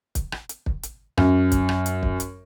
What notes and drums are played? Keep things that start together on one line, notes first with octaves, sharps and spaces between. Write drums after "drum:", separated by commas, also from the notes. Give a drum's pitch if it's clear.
drum: kick, hi-hat
drum: rim click
drum: hi-hat
drum: kick
drum: hi-hat
F#2, drum: rim click
drum: kick, hi-hat
drum: rim click
drum: hi-hat
drum: kick
drum: hi-hat